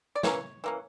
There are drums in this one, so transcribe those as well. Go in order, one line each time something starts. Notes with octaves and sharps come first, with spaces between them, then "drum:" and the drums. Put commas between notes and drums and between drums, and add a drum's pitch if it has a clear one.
D5
E3 A#3 C#4 A4 C#5, drum: snare
E3 A#3 C#4